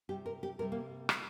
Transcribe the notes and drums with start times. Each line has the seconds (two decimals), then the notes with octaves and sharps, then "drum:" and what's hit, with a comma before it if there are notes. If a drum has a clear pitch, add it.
0.09 C3 G3 G4
0.26 A#4
0.43 G4
0.59 C3 G3 A#4
0.72 A#3
1.09 drum: rim click